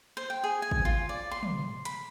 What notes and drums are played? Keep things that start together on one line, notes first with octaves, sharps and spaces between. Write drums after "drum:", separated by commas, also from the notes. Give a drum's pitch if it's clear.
C5
G5
G#4
G#5
drum: kick
F4
D5
C6
drum: tom
B5, drum: hi-hat